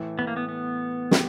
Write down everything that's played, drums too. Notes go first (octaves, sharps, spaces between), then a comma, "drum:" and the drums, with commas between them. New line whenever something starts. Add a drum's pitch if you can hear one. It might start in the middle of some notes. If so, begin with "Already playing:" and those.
Already playing: A2 E3 A3
B3
A#3
B3
B3
G4, drum: snare